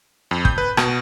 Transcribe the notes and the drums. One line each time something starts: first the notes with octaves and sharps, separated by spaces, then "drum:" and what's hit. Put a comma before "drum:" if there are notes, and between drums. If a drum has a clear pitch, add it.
F2
G6, drum: kick
B4
B2, drum: rim click